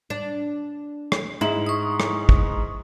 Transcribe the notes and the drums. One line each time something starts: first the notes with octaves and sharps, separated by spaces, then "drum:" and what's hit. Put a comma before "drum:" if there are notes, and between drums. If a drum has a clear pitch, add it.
D4
drum: rim click
G#2 G#3 E4 F#7
C#6 D#6
drum: rim click
drum: kick